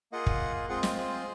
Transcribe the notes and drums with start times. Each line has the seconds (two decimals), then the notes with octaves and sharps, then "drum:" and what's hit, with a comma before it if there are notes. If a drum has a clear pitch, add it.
0.12 A#3 F4 G#4 D#5 F#5
0.26 drum: kick
0.69 G#3 C4 F4 G#4 D#5 F#5
0.83 C5 D#5, drum: snare
0.97 G#4 C5